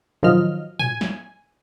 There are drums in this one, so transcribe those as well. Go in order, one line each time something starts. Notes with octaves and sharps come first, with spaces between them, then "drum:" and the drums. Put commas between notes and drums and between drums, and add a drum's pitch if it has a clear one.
D#3 F3 F#3 D#5 F6, drum: tom A2
G#5, drum: tom A2
drum: snare